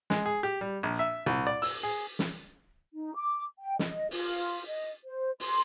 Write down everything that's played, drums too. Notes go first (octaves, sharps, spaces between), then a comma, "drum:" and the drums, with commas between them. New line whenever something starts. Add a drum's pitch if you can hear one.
G#3, drum: snare
G#4
G4
G3
A#1
E5
C2, drum: tom A#2
D5
E6, drum: open hi-hat
G#4
drum: snare
D#4
D6
G5
D#5, drum: snare
F4, drum: open hi-hat
D#5
C5
C6, drum: open hi-hat